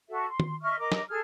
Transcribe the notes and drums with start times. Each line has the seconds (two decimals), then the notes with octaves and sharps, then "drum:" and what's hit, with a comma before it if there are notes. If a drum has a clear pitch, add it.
0.08 F#4 A4 E5
0.27 C6
0.40 drum: tom
0.61 D#5 E5 C#6 F6
0.79 A#4 D#5 A#5 D6
0.92 drum: snare
1.09 G#4 A4 F6 G#6